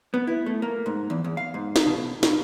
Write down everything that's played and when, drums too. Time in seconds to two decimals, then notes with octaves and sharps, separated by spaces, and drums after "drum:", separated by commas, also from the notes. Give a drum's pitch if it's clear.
0.14 B3
0.27 E4
0.46 A3
0.62 A#3
0.86 G#2
1.10 E2
1.24 E2
1.37 F5
1.54 G#2
1.76 drum: snare
1.86 B2
2.23 B2, drum: snare